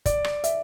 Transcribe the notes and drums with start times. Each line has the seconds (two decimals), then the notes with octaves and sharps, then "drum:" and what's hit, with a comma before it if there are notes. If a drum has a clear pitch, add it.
0.06 D5, drum: kick, hi-hat
0.24 drum: rim click
0.44 E5, drum: hi-hat